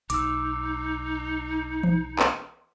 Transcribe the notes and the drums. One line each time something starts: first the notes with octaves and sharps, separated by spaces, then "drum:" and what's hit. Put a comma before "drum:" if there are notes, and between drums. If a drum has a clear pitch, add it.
B1 D#4 D6 E6, drum: hi-hat
drum: tom E3
drum: clap